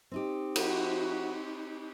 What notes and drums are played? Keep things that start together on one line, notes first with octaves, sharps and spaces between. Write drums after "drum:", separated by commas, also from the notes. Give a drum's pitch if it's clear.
C4 D#4 G4
F3 E4 F#4, drum: cymbal